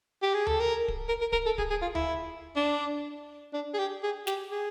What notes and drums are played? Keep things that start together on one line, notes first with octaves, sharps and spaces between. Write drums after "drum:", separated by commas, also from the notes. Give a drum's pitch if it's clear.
G4
G#4
A4, drum: tom D2
A#4
drum: kick D1
A#4
A#4
A#4, drum: kick D1
A4
G#4, drum: kick D1
G#4
F4
E4, drum: tom D2
D4
D4
G#4
G4
G#4
G4, drum: snare
G#4